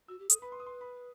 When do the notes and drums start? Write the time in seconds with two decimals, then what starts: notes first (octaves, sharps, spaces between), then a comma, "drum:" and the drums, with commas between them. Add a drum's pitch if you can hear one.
0.08 F#4 E6
0.19 G4
0.30 A4 D#6, drum: hi-hat
0.41 B4 B5
0.52 C6
0.60 D#6
0.67 C6
0.81 B5